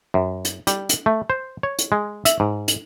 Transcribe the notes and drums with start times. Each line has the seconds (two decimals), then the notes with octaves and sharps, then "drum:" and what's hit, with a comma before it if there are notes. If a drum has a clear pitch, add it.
0.14 F#2
0.45 drum: hi-hat
0.67 G3, drum: hi-hat
0.89 drum: hi-hat
1.06 A3
1.30 C5
1.63 C#5
1.79 drum: hi-hat
1.92 G#3
2.25 E5, drum: hi-hat
2.40 G#2
2.68 drum: hi-hat